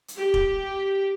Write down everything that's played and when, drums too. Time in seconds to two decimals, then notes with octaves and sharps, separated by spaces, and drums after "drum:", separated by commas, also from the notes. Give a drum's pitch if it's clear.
0.08 drum: hi-hat
0.18 G4
0.34 drum: kick E1